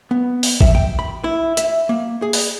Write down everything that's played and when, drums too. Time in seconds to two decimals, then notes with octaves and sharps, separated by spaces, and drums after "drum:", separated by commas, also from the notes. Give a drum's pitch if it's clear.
0.11 B3
0.43 drum: open hi-hat
0.61 E5, drum: kick A1
0.75 G5
0.99 B5
1.24 E4
1.57 E5, drum: hi-hat
1.89 A#3
2.22 G#4
2.33 drum: open hi-hat